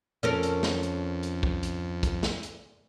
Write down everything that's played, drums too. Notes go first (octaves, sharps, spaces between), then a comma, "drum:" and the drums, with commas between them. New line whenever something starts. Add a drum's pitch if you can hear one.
F2 C#4 A4 A#4
drum: hi-hat
drum: snare
drum: hi-hat
drum: hi-hat
drum: kick
drum: hi-hat
drum: kick, hi-hat
drum: snare
drum: hi-hat